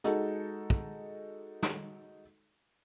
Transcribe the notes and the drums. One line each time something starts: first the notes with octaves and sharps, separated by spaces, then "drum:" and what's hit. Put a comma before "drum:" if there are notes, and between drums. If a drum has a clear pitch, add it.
G#3 D#4 F#4 A4, drum: hi-hat
drum: kick
drum: snare